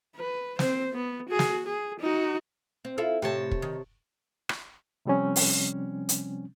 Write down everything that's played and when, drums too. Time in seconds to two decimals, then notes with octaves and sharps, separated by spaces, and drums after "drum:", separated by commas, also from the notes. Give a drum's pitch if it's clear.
0.16 B4
0.59 C4 C5, drum: snare
0.94 B3
1.29 F#4 G#4
1.39 drum: snare
1.67 G#4
2.00 D#4 F#4
2.85 C4
2.98 E4 F4 A4
3.22 A2 C3 C#5 A5
3.51 drum: kick
3.62 D#3
4.49 drum: rim click
5.06 C3 F3 G3 C4 C#4
5.36 drum: open hi-hat
6.09 drum: hi-hat